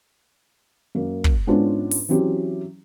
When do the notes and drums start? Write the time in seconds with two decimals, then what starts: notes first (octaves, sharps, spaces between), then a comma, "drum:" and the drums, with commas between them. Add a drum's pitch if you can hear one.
0.95 F#2 A#3
1.24 drum: kick
1.47 G#2 G#3 B3 C#4 D4 F4
1.91 drum: open hi-hat
2.09 E3 F#3 C4 C#4 G4